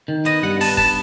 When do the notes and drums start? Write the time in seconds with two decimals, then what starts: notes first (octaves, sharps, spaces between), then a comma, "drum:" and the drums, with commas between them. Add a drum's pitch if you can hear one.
0.08 D#3
0.25 B3 D#5, drum: hi-hat
0.43 G2 F#5
0.61 B3 A5, drum: open hi-hat
0.77 B3 A5, drum: kick